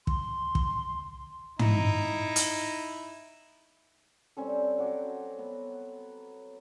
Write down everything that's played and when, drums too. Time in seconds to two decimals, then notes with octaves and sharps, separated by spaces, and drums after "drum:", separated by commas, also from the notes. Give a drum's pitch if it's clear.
0.07 C6, drum: kick
0.55 drum: kick
1.59 D#4 E4, drum: tom
2.36 drum: hi-hat
4.37 G3 C4 C#4 A4
4.79 F#3 F#5 D6
5.39 B3